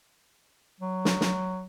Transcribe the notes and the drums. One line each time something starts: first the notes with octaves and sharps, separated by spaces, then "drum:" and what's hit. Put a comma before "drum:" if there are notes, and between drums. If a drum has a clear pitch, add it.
F#3
drum: snare
drum: snare